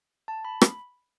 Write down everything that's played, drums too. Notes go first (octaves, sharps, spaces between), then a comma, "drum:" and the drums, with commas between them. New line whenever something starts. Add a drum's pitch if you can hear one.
A5
B5
drum: rim click